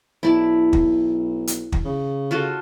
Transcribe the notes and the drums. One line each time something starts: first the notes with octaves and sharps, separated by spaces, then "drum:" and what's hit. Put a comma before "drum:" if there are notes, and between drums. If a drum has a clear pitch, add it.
B1 E4 D5 A5
drum: kick
drum: hi-hat
drum: kick
C#3
F4 F#4 A4